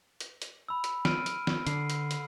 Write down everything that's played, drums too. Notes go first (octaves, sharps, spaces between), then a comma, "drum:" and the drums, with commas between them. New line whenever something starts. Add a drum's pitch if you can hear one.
drum: hi-hat
drum: hi-hat
B5 E6
drum: hi-hat
F6 D7 D#7, drum: snare
drum: hi-hat
drum: snare
D3 C7, drum: hi-hat
drum: hi-hat
drum: hi-hat